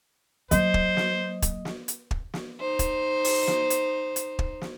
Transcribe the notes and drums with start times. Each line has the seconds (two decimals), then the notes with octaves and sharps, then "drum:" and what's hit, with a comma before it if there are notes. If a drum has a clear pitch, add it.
0.51 F#3 A#3 C5 D#5, drum: hi-hat
0.74 drum: kick
0.97 drum: snare
1.42 drum: kick, hi-hat
1.65 drum: snare
1.88 drum: hi-hat
2.11 drum: kick
2.34 drum: snare
2.60 D#4 C5
2.79 drum: kick, hi-hat
3.25 drum: open hi-hat
3.48 drum: snare
3.70 drum: hi-hat
4.16 drum: hi-hat
4.39 drum: kick
4.61 drum: snare